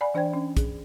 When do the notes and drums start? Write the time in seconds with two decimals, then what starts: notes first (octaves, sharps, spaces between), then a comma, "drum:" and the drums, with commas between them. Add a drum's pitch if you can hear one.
0.01 D5 F#5 G#5 B5
0.14 E3 D4 C5 D5 G5 G#6
0.34 C#4
0.57 G#4, drum: kick, hi-hat